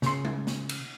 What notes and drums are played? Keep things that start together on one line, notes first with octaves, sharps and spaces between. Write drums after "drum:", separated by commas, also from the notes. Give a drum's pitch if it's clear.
C#3 C6, drum: snare
drum: tom G#3
drum: snare
drum: cymbal